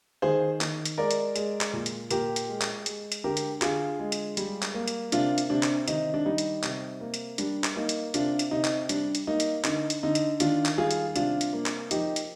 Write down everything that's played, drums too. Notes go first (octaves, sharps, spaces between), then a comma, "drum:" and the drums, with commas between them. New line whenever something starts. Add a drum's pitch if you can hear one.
D#3 G#4 C5
D#3, drum: clap
drum: hi-hat
G#3 A#4 D5
drum: hi-hat
G#3, drum: hi-hat
drum: clap
A#2
drum: hi-hat
A#2 G4 A#4, drum: hi-hat
drum: hi-hat
G#3
drum: clap
G#3, drum: hi-hat
drum: hi-hat
D3 G4 A#4
drum: hi-hat
D3 F4 G#4, drum: clap
G#3
drum: hi-hat
G3, drum: hi-hat
drum: clap
A#3
drum: hi-hat
C3 D4 F4, drum: hi-hat
drum: hi-hat
C3 D4
drum: clap
D#3 D#4, drum: hi-hat
D4
G3 D#4
drum: hi-hat
C3, drum: clap
A#3
drum: hi-hat
G3 D4, drum: hi-hat
drum: clap
A#3 D#4
drum: hi-hat
C3 D4 F4, drum: hi-hat
drum: hi-hat
C3 D#4
drum: clap
G3 D4, drum: hi-hat
drum: hi-hat
A#3 D#4
drum: hi-hat
D3 D#4, drum: clap
drum: hi-hat
D3 D#4
drum: hi-hat
D#3 D4 F4, drum: hi-hat
drum: clap
G3 F4 G#4
drum: hi-hat
C3 D4 F4, drum: hi-hat
drum: hi-hat
A#3
drum: clap
F3 D#4 G4, drum: hi-hat
drum: hi-hat